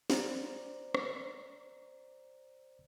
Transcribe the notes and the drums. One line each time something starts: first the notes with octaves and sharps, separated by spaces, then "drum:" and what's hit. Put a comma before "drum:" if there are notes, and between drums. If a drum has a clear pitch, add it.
C5 D5 A#5, drum: snare
drum: rim click